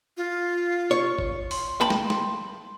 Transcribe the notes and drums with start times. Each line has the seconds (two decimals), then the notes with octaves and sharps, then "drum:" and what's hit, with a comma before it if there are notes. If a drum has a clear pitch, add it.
0.17 F4
0.91 C#5
1.19 drum: kick
1.51 C6, drum: open hi-hat
1.81 G5 A5 B5
1.90 drum: snare
2.10 drum: snare